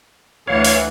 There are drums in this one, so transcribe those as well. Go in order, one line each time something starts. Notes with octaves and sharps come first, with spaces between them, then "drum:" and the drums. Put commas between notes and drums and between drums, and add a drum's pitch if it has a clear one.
D2 E3 C#5 F5 F#5
drum: open hi-hat